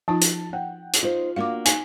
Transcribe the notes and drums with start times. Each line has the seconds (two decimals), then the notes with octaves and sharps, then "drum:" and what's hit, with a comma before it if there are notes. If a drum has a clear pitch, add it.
0.08 F3 D#4 F4 A5
0.21 drum: hi-hat
0.53 F#5 G5
0.93 drum: hi-hat
1.03 D#4 F4 C5
1.36 A#3 D4 F#4 F5 D6
1.65 D#4 G#5, drum: hi-hat